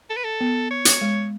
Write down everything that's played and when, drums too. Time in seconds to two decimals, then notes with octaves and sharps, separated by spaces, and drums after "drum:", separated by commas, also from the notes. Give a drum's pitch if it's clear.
0.10 A4
0.16 B4
0.24 A4
0.41 B3
0.70 C#5
0.85 drum: hi-hat
1.01 G#3